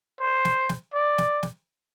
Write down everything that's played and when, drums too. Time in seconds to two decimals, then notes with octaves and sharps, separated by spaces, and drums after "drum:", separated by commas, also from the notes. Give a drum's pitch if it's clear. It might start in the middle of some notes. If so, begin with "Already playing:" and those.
0.20 C5
0.45 drum: snare
0.69 drum: snare
0.93 D5
1.18 drum: snare
1.43 drum: snare